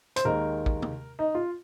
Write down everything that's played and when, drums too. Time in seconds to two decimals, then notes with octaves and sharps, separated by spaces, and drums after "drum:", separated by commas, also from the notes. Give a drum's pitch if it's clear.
0.16 C5, drum: hi-hat
0.25 D#2 D#3 G#3 A#4
0.66 drum: kick
0.82 drum: tom C3
1.19 D#4
1.35 F4